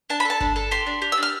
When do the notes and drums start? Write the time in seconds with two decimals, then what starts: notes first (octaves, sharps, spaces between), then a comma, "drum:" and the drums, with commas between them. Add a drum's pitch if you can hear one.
0.10 D4 A5
0.20 B5
0.25 A4 A5
0.41 D4, drum: kick G1
0.56 A4
0.71 G4 C6
0.87 D4
1.02 G4
1.12 E6
1.17 D4
1.23 F6